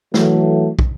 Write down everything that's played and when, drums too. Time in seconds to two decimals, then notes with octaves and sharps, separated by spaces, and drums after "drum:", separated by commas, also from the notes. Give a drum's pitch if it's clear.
0.14 E3 F#3 A3, drum: snare
0.79 drum: kick